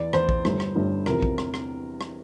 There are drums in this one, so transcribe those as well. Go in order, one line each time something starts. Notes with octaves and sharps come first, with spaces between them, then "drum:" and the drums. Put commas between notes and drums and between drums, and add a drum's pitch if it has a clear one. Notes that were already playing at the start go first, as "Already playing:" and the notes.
Already playing: E2 E3 D5
E2 E3 C5, drum: rim click
drum: kick A#1
G1 G2 D3, drum: rim click
drum: rim click
G1 G2 D3
E2 C3 F3 A#4, drum: rim click
drum: kick A#1
drum: rim click
drum: rim click
drum: rim click